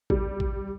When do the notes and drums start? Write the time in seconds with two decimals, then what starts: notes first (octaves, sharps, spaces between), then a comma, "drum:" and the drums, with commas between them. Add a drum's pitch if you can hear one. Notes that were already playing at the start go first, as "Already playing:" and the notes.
0.10 G3, drum: kick
0.40 drum: kick